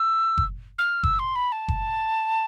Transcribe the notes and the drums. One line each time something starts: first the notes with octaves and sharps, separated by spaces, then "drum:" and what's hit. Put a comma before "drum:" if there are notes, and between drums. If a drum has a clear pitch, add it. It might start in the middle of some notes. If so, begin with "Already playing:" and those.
Already playing: E6
drum: kick F#1
F6
E6, drum: kick F#1
C6
B5
A5
drum: kick F#1